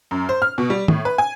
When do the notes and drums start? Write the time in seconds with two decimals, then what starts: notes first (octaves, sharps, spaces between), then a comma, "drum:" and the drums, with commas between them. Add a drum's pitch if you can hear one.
0.11 F#2
0.29 C5
0.42 F6
0.58 B2
0.70 G3
0.88 A2, drum: tom
1.05 B4
1.18 G#5